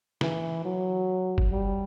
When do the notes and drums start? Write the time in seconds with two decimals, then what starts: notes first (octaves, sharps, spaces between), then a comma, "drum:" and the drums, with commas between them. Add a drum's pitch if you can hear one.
0.21 E3, drum: snare
0.65 F#3
1.38 drum: kick F#1
1.52 G3